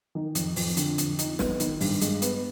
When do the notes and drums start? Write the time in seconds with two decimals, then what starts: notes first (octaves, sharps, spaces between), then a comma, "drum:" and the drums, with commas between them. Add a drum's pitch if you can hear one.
0.15 D#3
0.35 F2, drum: hi-hat
0.56 F2, drum: open hi-hat
0.77 D3, drum: hi-hat
0.98 F2, drum: hi-hat
1.19 D#4, drum: hi-hat
1.39 B3, drum: snare
1.60 D#3, drum: hi-hat
1.80 G2, drum: open hi-hat
2.01 G#3, drum: hi-hat
2.22 B3, drum: hi-hat